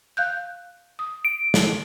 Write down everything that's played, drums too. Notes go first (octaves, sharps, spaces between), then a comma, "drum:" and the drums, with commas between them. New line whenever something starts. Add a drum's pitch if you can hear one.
F5 F#6 G6
D#6
D7
drum: snare